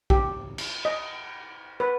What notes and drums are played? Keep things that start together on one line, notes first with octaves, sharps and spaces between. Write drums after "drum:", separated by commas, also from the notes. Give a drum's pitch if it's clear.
G4, drum: kick A#1
drum: cymbal
D#5
B4